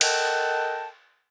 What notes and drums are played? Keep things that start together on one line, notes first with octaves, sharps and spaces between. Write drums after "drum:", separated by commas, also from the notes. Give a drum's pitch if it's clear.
A4 A#4 D#5 F#5 G5 A5, drum: cymbal